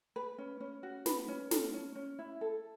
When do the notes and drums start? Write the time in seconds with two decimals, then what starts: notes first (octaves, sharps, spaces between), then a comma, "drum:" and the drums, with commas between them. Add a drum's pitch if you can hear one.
0.16 B4
0.38 C#4
0.60 C#4
0.83 F#4
1.06 B4, drum: snare
1.28 C#4
1.51 A4, drum: snare
1.73 C#4
1.96 C#4
2.19 E4
2.41 A4